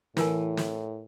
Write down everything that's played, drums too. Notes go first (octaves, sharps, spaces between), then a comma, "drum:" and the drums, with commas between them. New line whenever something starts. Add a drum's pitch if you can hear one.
A2 E3 F4 A#4 G#5, drum: snare
drum: snare